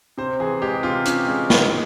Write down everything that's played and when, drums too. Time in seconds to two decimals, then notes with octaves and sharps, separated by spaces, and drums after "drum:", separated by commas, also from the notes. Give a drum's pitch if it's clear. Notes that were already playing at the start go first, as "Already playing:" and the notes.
0.18 C3 C5
0.40 E3 G#4
0.62 G#3 G4
0.83 C3 F4
1.05 C#4, drum: hi-hat
1.27 G#3
1.50 D#4, drum: snare